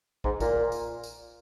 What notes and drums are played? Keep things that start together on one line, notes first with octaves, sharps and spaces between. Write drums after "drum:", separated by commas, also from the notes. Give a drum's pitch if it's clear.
G#2, drum: kick
A#2, drum: kick, tambourine
drum: tambourine
drum: tambourine